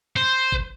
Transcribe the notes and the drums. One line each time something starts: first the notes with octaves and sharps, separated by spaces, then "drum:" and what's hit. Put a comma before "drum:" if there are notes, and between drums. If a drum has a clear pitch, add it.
C5
drum: kick G1